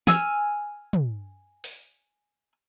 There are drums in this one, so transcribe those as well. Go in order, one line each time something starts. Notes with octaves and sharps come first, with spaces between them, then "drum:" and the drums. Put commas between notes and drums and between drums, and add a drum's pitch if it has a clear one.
G#5 E6 F6, drum: snare
drum: tom
drum: open hi-hat